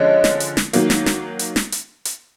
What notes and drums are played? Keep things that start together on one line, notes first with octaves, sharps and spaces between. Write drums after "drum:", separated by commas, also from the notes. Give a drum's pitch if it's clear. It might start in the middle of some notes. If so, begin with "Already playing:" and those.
Already playing: D3 F3 G#3 C#4 C#5 D#5
drum: snare
drum: hi-hat
drum: snare
D#3 F#3 A#3, drum: hi-hat
drum: snare
drum: snare
drum: hi-hat
drum: snare
drum: hi-hat
drum: hi-hat